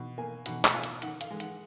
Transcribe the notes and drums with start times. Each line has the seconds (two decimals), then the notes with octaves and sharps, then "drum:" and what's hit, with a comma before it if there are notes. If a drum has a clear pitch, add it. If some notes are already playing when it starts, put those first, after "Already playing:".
Already playing: B2
0.18 A#3 G#5
0.46 B2 F#5, drum: hi-hat
0.65 drum: clap
0.74 F4 G#5
0.83 drum: hi-hat
1.02 D#3 F#5, drum: hi-hat
1.21 F5, drum: hi-hat
1.30 G#3
1.40 F#5, drum: hi-hat